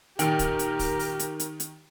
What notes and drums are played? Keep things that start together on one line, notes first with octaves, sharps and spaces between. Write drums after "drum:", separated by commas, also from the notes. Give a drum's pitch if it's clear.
A#2 D#3 C4 G4 A#4 G5, drum: hi-hat
drum: kick, hi-hat
drum: hi-hat
drum: kick, open hi-hat
drum: open hi-hat
drum: hi-hat
drum: hi-hat
drum: hi-hat